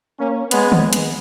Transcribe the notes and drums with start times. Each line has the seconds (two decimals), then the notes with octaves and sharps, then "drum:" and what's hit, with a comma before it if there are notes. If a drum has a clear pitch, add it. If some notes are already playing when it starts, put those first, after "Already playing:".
0.20 A#3 C#4
0.51 G#3 B3, drum: hi-hat
0.72 drum: tom D#3
0.93 drum: hi-hat